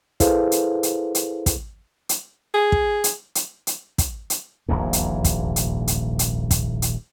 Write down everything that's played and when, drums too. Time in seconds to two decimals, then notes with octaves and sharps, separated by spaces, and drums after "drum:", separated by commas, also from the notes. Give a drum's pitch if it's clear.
0.20 E4 G#4 A4 B4 C5 F5, drum: kick, hi-hat
0.52 drum: hi-hat
0.83 drum: hi-hat
1.15 drum: hi-hat
1.46 drum: kick, hi-hat
2.09 drum: hi-hat
2.54 G#4
2.72 drum: kick
3.04 drum: hi-hat
3.35 drum: hi-hat
3.67 drum: hi-hat
3.98 drum: kick, hi-hat
4.30 drum: hi-hat
4.68 D#1 A#1 E2 G#2
4.93 drum: hi-hat
5.24 drum: kick, hi-hat
5.56 drum: hi-hat
5.88 drum: hi-hat
6.19 drum: hi-hat
6.51 drum: kick, hi-hat
6.82 drum: hi-hat